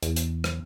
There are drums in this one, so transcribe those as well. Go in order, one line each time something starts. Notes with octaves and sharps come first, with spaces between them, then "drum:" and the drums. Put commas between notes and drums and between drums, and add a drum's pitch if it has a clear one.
E2, drum: hi-hat
drum: hi-hat
drum: rim click